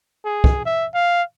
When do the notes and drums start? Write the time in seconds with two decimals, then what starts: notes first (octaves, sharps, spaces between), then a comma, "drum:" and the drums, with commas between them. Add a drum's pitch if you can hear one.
0.25 G#4
0.44 drum: kick
0.65 E5
0.94 F5